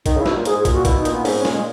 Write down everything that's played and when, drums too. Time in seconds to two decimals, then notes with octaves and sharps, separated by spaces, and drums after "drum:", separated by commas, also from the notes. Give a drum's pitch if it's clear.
0.06 D#3 D#4, drum: kick, hi-hat
0.16 C#3 E4
0.26 B2, drum: snare
0.36 A#2
0.45 G#2 G#4, drum: hi-hat
0.59 G#4
0.65 A#2, drum: kick, hi-hat
0.73 F#4
0.85 B2 E4, drum: kick, hi-hat
0.99 D#4
1.05 A#2, drum: hi-hat
1.12 B3
1.25 G#2 C#4, drum: open hi-hat
1.33 B3
1.39 C#4
1.45 A#2, drum: snare
1.52 G#3